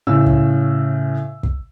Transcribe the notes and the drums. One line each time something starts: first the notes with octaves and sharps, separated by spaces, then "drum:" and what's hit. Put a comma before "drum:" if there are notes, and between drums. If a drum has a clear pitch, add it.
A2 C#3 E6
drum: kick
drum: kick